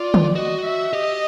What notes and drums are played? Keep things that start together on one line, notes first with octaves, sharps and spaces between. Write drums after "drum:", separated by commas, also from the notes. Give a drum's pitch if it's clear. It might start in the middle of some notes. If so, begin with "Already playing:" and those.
Already playing: F4 D5
drum: tom
F#4 D#5
E5
G4 D#5